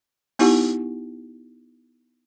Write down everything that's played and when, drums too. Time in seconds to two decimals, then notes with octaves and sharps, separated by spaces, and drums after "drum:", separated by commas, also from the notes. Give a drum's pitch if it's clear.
0.39 B3 D#4 E4 G4 F#5, drum: open hi-hat